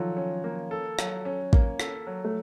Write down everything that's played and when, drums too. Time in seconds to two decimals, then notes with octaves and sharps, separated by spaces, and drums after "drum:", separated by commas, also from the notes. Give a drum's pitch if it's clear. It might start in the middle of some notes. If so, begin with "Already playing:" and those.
Already playing: D#3 F3 F#3 A4
0.17 C#4
0.44 A#3
0.71 A4
0.99 F#3, drum: rim click
1.25 C#4
1.53 A#3, drum: kick A1
1.80 A4, drum: rim click
2.07 F#3
2.25 A3